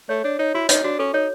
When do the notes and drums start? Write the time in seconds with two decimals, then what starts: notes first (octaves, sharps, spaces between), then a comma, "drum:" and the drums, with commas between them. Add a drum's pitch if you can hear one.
0.09 A3 C#5
0.24 D4 C#5
0.39 D#4 C#5
0.54 E4 F#4
0.69 D#4 C#5, drum: hi-hat
0.84 D4 F#4
0.99 C#4 A4
1.14 D#4 C#5